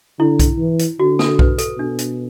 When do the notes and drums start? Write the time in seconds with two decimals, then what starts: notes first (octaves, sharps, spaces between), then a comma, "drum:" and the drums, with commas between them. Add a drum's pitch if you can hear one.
0.20 D3 E4
0.39 drum: kick B1, hi-hat
0.59 E3
0.79 drum: hi-hat
0.99 D3 F#4
1.19 A4, drum: snare
1.39 B4, drum: kick B1
1.58 A4, drum: hi-hat
1.78 B2 D4
1.99 drum: hi-hat